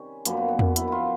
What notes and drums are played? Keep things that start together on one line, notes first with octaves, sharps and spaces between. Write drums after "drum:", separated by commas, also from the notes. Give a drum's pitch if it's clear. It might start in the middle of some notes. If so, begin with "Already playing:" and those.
Already playing: C3 D#3 G3 C#4
F#2 D3 F3 A#3 B3, drum: hi-hat
B3
B3
drum: tom E2
E4, drum: hi-hat
E4 F4